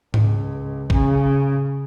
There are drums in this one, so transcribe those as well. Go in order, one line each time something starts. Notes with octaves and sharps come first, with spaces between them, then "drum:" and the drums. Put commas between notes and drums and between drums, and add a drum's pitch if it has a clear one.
C#2, drum: tom G#2
C#3, drum: kick